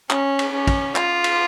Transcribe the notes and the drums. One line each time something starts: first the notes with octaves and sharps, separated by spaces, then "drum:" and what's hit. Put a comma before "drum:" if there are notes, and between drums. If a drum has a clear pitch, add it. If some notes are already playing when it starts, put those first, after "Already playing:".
C#4, drum: clap
drum: cymbal
C#4
drum: kick, cymbal
F4, drum: clap
drum: cymbal